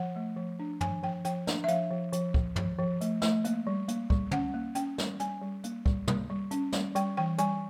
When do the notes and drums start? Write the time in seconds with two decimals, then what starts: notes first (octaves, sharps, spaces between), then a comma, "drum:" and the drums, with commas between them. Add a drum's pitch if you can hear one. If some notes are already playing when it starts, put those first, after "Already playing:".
Already playing: F3 F#5
0.16 A3
0.37 F3
0.59 D4
0.81 F3 G#5, drum: tom
1.03 F3 G5
1.25 F3 G5, drum: hi-hat
1.47 D4, drum: snare
1.64 E5
1.68 F3 F5, drum: hi-hat
1.91 F3
2.13 F3, drum: hi-hat
2.34 F3, drum: kick C#2
2.56 F3, drum: tom
2.79 F3
3.01 A3, drum: hi-hat
3.22 A3, drum: snare
3.45 A#3, drum: hi-hat
3.67 G3
3.88 A#3, drum: hi-hat
4.10 G3, drum: kick C#2
4.31 C#4 F#5, drum: tom
4.54 A#3
4.75 C#4 G5, drum: hi-hat
4.98 G3, drum: snare
5.20 G3 G#5, drum: hi-hat
5.41 G3
5.64 A#3, drum: hi-hat
5.86 G3, drum: kick C#2
6.08 A#3, drum: tom
6.30 G3
6.51 C#4, drum: hi-hat
6.72 G3, drum: snare
6.95 G3 G5, drum: hi-hat
7.17 E3 G5
7.38 G3 G#5, drum: hi-hat